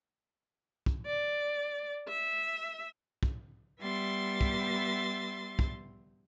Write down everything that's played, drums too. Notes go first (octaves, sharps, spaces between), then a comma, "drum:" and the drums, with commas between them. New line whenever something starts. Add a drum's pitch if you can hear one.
drum: kick
D5
E5
drum: kick
G3 B3 E5 C6 A6
drum: kick
drum: kick